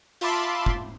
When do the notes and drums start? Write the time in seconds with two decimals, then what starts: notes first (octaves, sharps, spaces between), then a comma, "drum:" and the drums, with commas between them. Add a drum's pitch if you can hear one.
0.21 F4 E5 A5 B5 C6 D6, drum: hi-hat
0.66 drum: kick